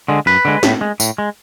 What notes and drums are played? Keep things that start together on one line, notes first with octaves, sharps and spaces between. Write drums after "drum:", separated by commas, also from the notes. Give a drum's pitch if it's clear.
D3 G#3
F#2 B4
D3 G#3
A2, drum: snare
G#3
A2, drum: tambourine
G#3